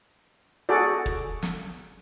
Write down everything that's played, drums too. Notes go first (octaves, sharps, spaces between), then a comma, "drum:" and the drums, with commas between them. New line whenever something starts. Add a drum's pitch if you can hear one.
F#4 G#4 A4 D5
drum: kick
drum: snare